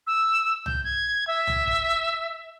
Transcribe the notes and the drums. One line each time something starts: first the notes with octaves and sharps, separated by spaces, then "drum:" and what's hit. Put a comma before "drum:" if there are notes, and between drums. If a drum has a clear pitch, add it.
E6
G6, drum: tom
G#6
E5
drum: tom
drum: kick